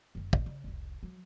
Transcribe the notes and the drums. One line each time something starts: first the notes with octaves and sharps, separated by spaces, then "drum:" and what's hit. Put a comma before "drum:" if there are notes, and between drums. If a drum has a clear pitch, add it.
F#1 D3
D#2 B2, drum: kick
C#3
F1 C2
F#3